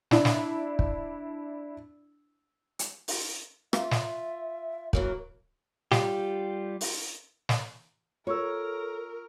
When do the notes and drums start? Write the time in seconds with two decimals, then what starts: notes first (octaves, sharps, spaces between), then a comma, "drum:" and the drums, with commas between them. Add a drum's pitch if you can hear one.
0.11 D4 E4, drum: snare
0.25 drum: snare
0.79 drum: kick
2.79 drum: hi-hat
3.08 drum: open hi-hat
3.73 F4 E5, drum: rim click
3.91 drum: snare
4.93 E3 F#3 A#3 A#4, drum: kick
5.92 G3 F4 G4, drum: snare
6.81 drum: open hi-hat
7.49 drum: snare
8.27 F4 A4 A#4 C#5 C#6 E6